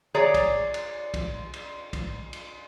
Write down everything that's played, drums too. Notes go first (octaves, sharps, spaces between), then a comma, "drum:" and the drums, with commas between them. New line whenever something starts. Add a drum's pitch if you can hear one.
G#4 C#5 D5 A#5
drum: kick, cymbal
drum: cymbal
drum: kick, cymbal
drum: cymbal
drum: kick, cymbal
drum: cymbal